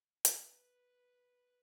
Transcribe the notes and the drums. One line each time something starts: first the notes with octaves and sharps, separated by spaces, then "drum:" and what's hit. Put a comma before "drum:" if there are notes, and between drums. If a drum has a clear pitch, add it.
B4, drum: hi-hat